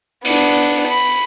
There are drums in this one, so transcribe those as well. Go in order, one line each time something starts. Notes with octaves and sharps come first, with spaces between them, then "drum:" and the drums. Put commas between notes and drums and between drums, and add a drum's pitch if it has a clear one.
B3 D4, drum: open hi-hat
B5